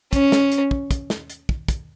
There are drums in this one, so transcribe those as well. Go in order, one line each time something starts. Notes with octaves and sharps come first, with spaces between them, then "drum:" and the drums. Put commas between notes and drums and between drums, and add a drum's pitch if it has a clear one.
C#4, drum: kick, hi-hat
drum: snare
drum: hi-hat
drum: kick
drum: kick, hi-hat
drum: snare
drum: hi-hat
drum: kick
drum: kick, hi-hat